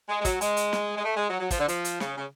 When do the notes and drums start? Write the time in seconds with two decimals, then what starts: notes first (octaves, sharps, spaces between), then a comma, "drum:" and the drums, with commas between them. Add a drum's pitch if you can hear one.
0.09 G#3
0.21 G#3
0.25 F#3, drum: kick, hi-hat
0.41 G#3, drum: hi-hat
0.57 drum: hi-hat
0.73 drum: snare
0.98 G#3
1.05 A3
1.17 G#3
1.29 F#3
1.40 F#3
1.51 F3, drum: kick, hi-hat
1.60 D3
1.68 F3, drum: hi-hat
1.85 drum: hi-hat
2.00 C#3, drum: snare
2.18 C#3